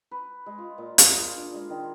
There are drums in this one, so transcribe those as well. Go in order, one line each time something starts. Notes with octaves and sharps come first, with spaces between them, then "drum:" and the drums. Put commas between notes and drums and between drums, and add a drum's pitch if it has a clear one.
B4
G#3
F4
A#2
G#4, drum: hi-hat
F4
D4
G#3
D#3